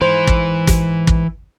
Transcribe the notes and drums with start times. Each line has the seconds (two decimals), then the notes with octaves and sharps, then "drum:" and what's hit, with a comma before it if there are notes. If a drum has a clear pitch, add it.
0.01 G#2 E3 C5
0.27 drum: kick
0.67 drum: kick, hi-hat
1.07 drum: kick